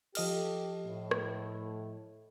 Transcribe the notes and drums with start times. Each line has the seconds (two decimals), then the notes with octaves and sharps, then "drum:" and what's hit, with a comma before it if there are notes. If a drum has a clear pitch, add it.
0.15 F3 G4 A4 D#5 F6, drum: cymbal
0.86 A2
1.11 drum: rim click